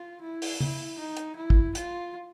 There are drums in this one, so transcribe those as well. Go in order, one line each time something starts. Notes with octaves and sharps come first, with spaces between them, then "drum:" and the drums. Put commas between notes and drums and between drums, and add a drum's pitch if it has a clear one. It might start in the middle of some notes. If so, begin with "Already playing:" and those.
Already playing: F4
E4
drum: open hi-hat
E4, drum: tom C#3
D#4
drum: hi-hat
E4
drum: kick
F4, drum: hi-hat